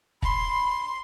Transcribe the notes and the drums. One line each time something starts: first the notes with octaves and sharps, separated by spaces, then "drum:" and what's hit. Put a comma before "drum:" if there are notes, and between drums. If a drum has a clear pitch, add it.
B5 C6, drum: kick